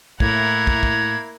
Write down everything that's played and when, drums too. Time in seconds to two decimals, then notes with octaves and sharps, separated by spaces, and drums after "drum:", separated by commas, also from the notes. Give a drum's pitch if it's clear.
0.20 A2 A#3 E4 F#5 A#5 G#6, drum: kick
0.67 drum: kick
0.83 drum: kick